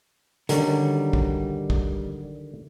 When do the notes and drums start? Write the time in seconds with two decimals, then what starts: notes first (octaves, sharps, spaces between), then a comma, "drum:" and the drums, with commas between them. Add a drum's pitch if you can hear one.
0.49 D3 D#3 F#3 G3 C#4, drum: hi-hat
1.13 drum: kick
1.70 drum: kick